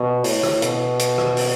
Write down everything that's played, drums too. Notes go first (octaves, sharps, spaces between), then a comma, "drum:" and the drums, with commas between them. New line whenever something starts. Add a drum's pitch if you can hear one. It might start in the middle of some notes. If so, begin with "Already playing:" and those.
Already playing: B2
A2, drum: open hi-hat
drum: rim click
B2, drum: hi-hat
drum: hi-hat
drum: rim click
drum: open hi-hat